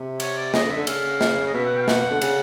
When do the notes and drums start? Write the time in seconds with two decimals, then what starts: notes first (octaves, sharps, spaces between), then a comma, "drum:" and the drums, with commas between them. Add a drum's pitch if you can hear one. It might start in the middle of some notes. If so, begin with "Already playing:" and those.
Already playing: C3
0.20 C#5, drum: cymbal
0.37 D5
0.54 C#3 D#5, drum: snare
0.65 D3
0.70 E5
0.76 D3
0.87 C#3 F5, drum: cymbal
1.21 drum: snare
1.47 D#5
1.54 B2 E5
1.65 F#5
1.76 G5
1.83 F5
1.88 F#5, drum: snare
2.11 D3
2.22 C#3, drum: cymbal